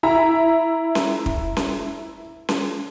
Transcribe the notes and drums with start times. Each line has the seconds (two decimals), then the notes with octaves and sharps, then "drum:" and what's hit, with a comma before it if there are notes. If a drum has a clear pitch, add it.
0.03 E4 E5 A#5
0.95 drum: snare C#4
1.26 drum: kick
1.57 drum: snare C#4
2.49 drum: snare C#4